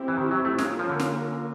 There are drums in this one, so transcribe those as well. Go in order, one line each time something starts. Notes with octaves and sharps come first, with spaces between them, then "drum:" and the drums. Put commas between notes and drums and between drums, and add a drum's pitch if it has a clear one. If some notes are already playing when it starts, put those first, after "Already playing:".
Already playing: C4 E4 G4
E3
D#3
F#3
A3
G#3 A#3 C#4 F4 A#4, drum: snare
F3
D3
drum: snare